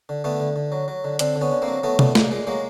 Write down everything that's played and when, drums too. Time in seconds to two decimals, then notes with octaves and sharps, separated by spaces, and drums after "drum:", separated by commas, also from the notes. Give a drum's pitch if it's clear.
0.09 D3
0.24 D3 A3 B3
0.40 D3
0.56 D3
0.72 F#3
0.88 F#3
1.04 D3
1.19 D3 C4 D4, drum: hi-hat
1.36 D3
1.41 B3 C#4
1.52 D3
1.62 A#3 C4
1.68 F#3
1.83 F#3 A3 B3
1.99 A#2 A3 B3, drum: tom
2.15 A#2 G#3 A#3, drum: snare
2.31 A#2 G#3
2.47 F#3 G#3 A#3